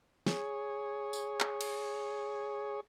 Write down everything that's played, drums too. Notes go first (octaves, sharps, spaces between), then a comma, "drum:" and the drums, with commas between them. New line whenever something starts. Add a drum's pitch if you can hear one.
G#4 C#5, drum: snare
drum: tambourine
drum: clap
drum: cymbal